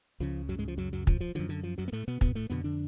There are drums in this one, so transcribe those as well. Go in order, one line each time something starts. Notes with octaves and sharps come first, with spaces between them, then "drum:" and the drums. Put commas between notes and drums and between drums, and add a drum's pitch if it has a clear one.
C#2 C#3 F3
F#2 F#3
G#2 G#3
F3
F#2 F#3
F#2 F#3
F3, drum: kick
F3
F#2 D3 F3
D3
F3
F#2 F#3
B3
A2 A3
B2 B3
B2 B3, drum: kick
A2 A3
F2 B2 D3 B3
D3 D4